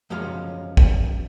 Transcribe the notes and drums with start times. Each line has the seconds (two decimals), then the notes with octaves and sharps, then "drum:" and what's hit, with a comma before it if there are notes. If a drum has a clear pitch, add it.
0.10 F#2 F3 G#3 C#5 F5
0.77 drum: kick